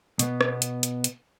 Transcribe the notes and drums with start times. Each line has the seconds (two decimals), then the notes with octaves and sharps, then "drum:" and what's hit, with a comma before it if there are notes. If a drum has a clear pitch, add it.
0.19 B2 B3, drum: hi-hat
0.41 drum: rim click
0.62 drum: hi-hat
0.83 drum: hi-hat
1.04 drum: hi-hat